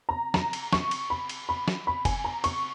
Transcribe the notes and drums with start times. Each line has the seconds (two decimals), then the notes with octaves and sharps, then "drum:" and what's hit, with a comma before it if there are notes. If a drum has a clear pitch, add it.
0.09 A#5
0.34 A#5, drum: snare
0.53 drum: cymbal
0.73 C#6, drum: snare
0.91 drum: cymbal
1.10 B5
1.29 drum: cymbal
1.49 B5
1.68 drum: snare
1.87 B5
2.05 G#5, drum: kick F#1, cymbal
2.24 A#5
2.44 C#6, drum: cymbal